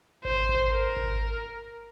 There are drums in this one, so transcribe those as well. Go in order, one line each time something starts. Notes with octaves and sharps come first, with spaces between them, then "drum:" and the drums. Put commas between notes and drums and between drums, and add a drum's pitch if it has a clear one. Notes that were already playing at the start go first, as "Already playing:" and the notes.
C5, drum: kick G#1
drum: kick G#1
A#4
drum: kick G#1